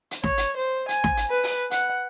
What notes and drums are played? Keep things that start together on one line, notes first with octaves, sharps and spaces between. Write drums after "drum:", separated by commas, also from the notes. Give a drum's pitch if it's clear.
drum: hi-hat
C#5, drum: snare
drum: hi-hat
C5
G#5, drum: hi-hat
drum: snare
drum: hi-hat
B4
drum: open hi-hat
F#5, drum: hi-hat